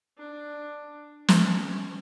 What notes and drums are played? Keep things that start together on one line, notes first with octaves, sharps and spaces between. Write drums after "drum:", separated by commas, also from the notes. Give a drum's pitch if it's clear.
D4
C#4, drum: snare